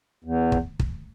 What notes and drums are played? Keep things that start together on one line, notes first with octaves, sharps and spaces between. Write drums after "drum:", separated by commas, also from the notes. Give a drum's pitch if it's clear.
E2
drum: kick
drum: kick